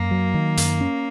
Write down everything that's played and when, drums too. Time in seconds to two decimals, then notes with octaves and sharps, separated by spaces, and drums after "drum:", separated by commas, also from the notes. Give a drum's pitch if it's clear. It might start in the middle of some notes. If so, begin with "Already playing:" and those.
Already playing: F#2 A#3
0.11 F#3
0.34 D#3
0.57 F#2, drum: hi-hat
0.81 C#4